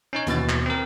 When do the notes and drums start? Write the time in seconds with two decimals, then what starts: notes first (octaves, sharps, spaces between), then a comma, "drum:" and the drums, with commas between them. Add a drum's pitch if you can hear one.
0.13 C#4 D#4 C#5
0.27 D#2 B2 E3 A6, drum: hi-hat
0.49 drum: clap
0.66 C4 A#4